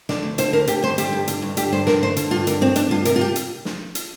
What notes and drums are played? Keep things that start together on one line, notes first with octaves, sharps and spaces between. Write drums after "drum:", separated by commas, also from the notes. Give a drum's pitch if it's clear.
D3 D5, drum: snare
D2
D3 C5, drum: hi-hat
D2 A#4
D3 G4, drum: hi-hat
G2 C5
D3 G4, drum: hi-hat
G2
D3, drum: hi-hat
G2
D3 G4, drum: hi-hat
G2 C5
D3 A#4, drum: snare
G2 C5
D3, drum: hi-hat
G2 F4
D3 A#4, drum: hi-hat
G2 C4
D3 D4, drum: hi-hat
G2 F4
C3 A#4, drum: hi-hat
F4
G4
drum: hi-hat
drum: snare
drum: hi-hat